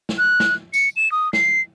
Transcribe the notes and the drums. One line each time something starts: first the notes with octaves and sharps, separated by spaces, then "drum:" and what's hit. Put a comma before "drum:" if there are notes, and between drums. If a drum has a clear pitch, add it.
drum: snare
F#6
drum: snare
C#7, drum: tambourine
E7
D#6
C7, drum: snare